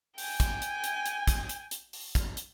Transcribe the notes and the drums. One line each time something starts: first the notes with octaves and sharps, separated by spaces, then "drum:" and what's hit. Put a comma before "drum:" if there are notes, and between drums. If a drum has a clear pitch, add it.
G5 G#5, drum: open hi-hat
drum: kick, hi-hat
drum: hi-hat
drum: hi-hat
drum: hi-hat
drum: kick, hi-hat
drum: hi-hat
drum: hi-hat
drum: open hi-hat
drum: kick, hi-hat
drum: hi-hat